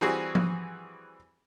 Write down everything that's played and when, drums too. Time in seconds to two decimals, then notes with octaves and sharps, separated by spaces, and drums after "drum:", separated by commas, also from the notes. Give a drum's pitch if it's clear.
0.01 E3 G3 C4 F#4 G#4
0.35 drum: tom F3